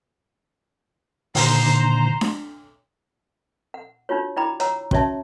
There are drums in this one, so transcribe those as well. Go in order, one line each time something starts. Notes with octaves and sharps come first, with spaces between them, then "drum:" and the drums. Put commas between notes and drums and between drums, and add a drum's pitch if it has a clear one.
A#2 D3 D#3 C5 A#5, drum: open hi-hat
drum: snare D4
F#5
D4 D#4 F4 F#4 C#5
E4 D5 G5 A#5 B5 D6
C#5 F#5 A#5 E6, drum: hi-hat
C#4 F#4 C#5 D5 E5 A5, drum: kick